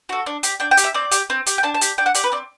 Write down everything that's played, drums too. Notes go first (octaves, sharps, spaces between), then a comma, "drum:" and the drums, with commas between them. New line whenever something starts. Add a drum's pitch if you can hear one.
F#4 A4
D4
G4, drum: hi-hat
D4 G5
G5
G4, drum: hi-hat
E5
C4 D5
G4, drum: hi-hat
C4
G4, drum: hi-hat
G5
D4 A5
A5
G4, drum: hi-hat
D4 G5
F#5
G4 D5, drum: hi-hat
B4
C4 D5